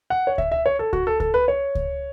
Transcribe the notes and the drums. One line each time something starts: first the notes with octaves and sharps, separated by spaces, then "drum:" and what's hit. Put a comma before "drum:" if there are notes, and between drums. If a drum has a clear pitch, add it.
F#5
C#5
E5, drum: kick C#2
E5
C#5
A4
F#4, drum: kick C#2
A4
A4, drum: kick C#2
B4
C#5
drum: kick C#2